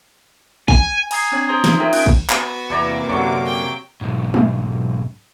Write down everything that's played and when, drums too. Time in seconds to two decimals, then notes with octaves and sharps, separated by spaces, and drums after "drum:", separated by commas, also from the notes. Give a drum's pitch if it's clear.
0.68 G#5, drum: kick
1.11 G#5 A#5 D#6 G#6 C7, drum: cymbal
1.32 C4 D4 C#5
1.49 G#4 C5 A#5 C6 D#6
1.64 D#4 F4, drum: snare
1.80 G#4 A#4 C#5 E5 G5
1.93 C#4 F4 A#4 F#6 G6 D7, drum: cymbal
2.06 drum: kick
2.30 B3 F#4, drum: clap
2.70 E2 C3 E3 A#3 D5 A#5 D6
3.09 F#2 D3 F#3 D4 C#6
3.46 G5
4.01 B1 G#2
4.34 drum: tom G3